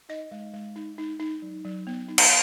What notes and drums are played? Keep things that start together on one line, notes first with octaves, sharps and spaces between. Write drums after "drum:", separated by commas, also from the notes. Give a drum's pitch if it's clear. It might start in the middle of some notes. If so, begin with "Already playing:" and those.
D#4 D#5
G#3
G#3
D#4
D#4
D#4
F#3
F#3
B3
D#4
drum: cymbal